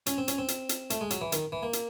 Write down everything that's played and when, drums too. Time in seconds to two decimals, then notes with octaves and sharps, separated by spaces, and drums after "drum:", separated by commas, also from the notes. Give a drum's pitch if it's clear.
0.06 C#4, drum: hi-hat
0.18 C4
0.28 C#4, drum: hi-hat
0.38 C4
0.48 drum: hi-hat
0.69 drum: hi-hat
0.90 A3, drum: hi-hat
1.01 G#3
1.10 F#3, drum: hi-hat
1.21 E3
1.32 D#3, drum: hi-hat
1.52 E3
1.63 A#3
1.73 drum: hi-hat